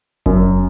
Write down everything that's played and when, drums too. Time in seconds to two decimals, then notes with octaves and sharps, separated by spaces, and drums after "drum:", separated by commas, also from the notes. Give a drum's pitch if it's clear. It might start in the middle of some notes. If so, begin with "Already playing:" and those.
0.26 F#2, drum: kick F#1